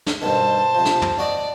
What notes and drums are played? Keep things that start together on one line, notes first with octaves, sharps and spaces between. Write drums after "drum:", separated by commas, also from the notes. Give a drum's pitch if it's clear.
drum: snare
G2 B2 D#3 C5 A5
C3 F3
drum: snare
drum: tom
F#4 D5 D#5